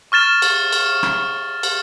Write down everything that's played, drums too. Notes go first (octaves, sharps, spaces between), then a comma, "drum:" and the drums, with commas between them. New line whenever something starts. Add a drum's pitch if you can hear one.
C#6 F6 A6 E7
drum: cymbal
drum: cymbal
drum: rim click
drum: cymbal